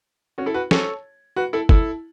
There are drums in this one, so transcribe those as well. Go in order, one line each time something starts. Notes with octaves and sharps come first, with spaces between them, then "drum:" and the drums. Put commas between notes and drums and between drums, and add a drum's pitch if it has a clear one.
C#4 F#4
E4 A4
F#4 B4
A4 C#5, drum: snare
F#4 B4
E4 A4
E4 A4, drum: kick